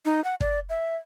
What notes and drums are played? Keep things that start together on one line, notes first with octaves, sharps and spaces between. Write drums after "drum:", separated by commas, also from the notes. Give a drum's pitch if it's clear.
D#4
F#5
D5, drum: kick
E5